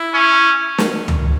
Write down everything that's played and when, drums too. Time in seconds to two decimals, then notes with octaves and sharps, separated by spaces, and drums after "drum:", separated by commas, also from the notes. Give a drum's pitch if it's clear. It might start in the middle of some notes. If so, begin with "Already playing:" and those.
Already playing: E4
0.14 C#4
0.78 drum: snare
1.08 drum: tom C#2